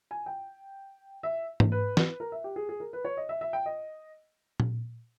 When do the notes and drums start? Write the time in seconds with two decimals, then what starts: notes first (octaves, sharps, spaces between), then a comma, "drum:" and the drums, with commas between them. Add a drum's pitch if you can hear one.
0.11 G#5
0.26 G5
1.23 E5
1.60 drum: tom G#2
1.72 B4
1.97 drum: snare
2.20 A#4
2.32 E5
2.44 G4
2.56 G#4
2.69 G#4
2.80 A#4
2.93 B4
3.05 C#5
3.17 D#5
3.29 E5
3.41 E5
3.53 G5
3.66 D#5
4.60 drum: tom A#2